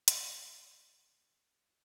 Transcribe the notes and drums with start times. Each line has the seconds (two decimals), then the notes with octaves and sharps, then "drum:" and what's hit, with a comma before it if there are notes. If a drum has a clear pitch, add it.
0.08 A4 F#5, drum: hi-hat
0.49 B1 G#3 C#4